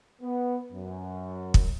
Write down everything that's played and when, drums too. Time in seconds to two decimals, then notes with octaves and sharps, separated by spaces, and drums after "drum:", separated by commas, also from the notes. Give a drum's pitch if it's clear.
0.22 B3
0.72 F#2
1.54 drum: kick